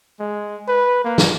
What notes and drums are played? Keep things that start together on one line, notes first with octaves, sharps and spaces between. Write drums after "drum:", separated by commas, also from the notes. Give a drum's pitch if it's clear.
G#3
B4
A#3
drum: snare